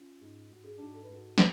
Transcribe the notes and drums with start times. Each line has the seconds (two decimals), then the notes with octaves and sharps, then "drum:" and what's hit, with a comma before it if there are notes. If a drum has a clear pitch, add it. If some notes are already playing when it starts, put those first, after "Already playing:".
Already playing: C#4 F4
0.21 G#2
0.51 G#2 F#4
0.64 G#4
0.77 G#2 D4 F#4
0.94 A4
1.03 B4
1.09 G#2 F#4 A4
1.38 F#4 A4, drum: snare